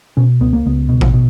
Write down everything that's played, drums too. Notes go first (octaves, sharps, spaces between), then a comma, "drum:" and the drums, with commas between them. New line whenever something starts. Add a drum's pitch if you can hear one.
B2 C#4
C#2 B3
A#3
C#2 B3
B2
drum: kick A1
B2